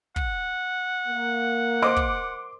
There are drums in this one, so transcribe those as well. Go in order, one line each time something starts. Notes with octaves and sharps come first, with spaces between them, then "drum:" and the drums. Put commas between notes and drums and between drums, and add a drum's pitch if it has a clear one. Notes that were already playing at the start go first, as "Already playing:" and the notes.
F#5, drum: kick
A#3
A#4 C5 D#5 C6 D6
drum: kick